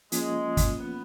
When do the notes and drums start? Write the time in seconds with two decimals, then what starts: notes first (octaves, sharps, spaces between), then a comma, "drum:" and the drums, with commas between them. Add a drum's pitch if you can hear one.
0.12 F3 G#3 A#3 C#4 F4, drum: hi-hat
0.57 drum: kick, hi-hat
0.80 B3